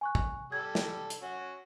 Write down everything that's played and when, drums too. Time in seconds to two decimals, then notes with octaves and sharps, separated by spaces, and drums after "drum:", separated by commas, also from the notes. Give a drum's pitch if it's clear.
0.01 G#5 C#6 F#6
0.15 drum: kick
0.52 G3 A4 G#6
0.75 drum: snare
1.10 drum: hi-hat
1.22 C#4 F#4